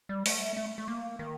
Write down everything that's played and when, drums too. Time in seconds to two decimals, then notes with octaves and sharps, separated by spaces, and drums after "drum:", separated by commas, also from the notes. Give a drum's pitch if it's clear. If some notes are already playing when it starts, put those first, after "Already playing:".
0.09 G3
0.26 A3, drum: open hi-hat
0.57 A3
0.78 A3
0.88 A#3
1.19 D#3